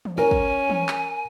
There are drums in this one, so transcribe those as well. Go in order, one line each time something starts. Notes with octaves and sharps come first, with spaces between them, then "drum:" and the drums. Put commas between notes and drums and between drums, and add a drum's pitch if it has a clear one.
drum: tom E3
C#4 A#4 G#5
drum: kick
drum: tom E3
drum: clap